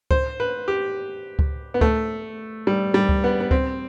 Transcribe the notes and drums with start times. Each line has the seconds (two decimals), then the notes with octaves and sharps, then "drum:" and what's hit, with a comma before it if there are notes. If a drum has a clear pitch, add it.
0.11 C5, drum: kick C#2
0.40 B4
0.68 G4
1.39 drum: kick C#2
1.74 B3
1.81 A3, drum: kick C#2
2.67 G3
2.94 G3
3.09 drum: kick C#2
3.24 B3
3.40 B3
3.51 C4, drum: kick C#2